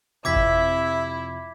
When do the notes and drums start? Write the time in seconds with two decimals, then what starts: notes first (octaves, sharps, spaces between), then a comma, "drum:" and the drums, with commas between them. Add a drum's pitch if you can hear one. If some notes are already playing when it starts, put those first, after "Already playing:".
0.25 F2 C3 E4 E5 D6 G#6 B6
0.36 drum: kick G1